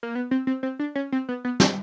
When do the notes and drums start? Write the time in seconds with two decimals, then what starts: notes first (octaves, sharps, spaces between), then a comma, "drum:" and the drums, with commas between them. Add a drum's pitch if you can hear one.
0.03 A#3
0.15 B3
0.31 C4
0.47 C4
0.63 C4
0.79 D4
0.95 C#4
1.12 C4
1.29 B3
1.45 B3
1.60 C4, drum: snare